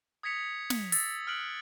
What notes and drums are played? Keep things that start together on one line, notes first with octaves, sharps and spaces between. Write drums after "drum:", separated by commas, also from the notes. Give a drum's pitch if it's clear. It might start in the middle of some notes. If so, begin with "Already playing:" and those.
D#6 G#6 A#6 B6 C#7 F7
drum: snare
E6 A6, drum: open hi-hat
F6 F#6 C7 D7 F#7